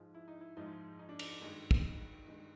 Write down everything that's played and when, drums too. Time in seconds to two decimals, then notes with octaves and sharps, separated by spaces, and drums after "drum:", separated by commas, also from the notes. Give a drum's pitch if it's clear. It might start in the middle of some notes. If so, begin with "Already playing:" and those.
Already playing: G#2 F3 G#3
0.14 E4
0.28 D#4
0.41 E4
0.57 G#2 F3 G#3 D#4
0.99 D#4
1.09 D4
1.19 D#4, drum: cymbal
1.41 G2 D#3 G#3 D#4
1.71 drum: kick
2.27 G2 D#3 G#3